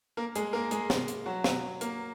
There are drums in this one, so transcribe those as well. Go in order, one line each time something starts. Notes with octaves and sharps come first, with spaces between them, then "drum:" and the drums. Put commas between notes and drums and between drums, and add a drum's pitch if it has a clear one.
A#3 A#4
G#3 G#4, drum: hi-hat
A#3 A#4
G#3 G#4, drum: hi-hat
drum: snare
drum: hi-hat
F#3 F#4
drum: snare
A#3, drum: hi-hat